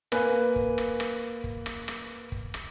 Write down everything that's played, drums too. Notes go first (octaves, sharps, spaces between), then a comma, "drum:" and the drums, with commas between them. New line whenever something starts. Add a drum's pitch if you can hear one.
A#3 B4 G#5, drum: rim click
drum: kick
drum: rim click
drum: rim click
drum: kick
drum: rim click
drum: rim click
drum: kick
drum: rim click